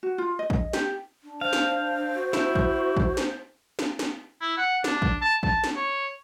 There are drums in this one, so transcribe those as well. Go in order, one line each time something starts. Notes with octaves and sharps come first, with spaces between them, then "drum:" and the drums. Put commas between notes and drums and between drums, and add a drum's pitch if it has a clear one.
F#4
F4
D#5
drum: kick A1
G4, drum: snare
D4
C5 F5
drum: snare
F#4
E4, drum: snare
drum: kick A1
drum: kick A1
drum: snare
drum: snare
drum: snare
E4
F#5
D4, drum: snare
drum: kick A1
A5
A5, drum: kick A1
drum: snare
C#5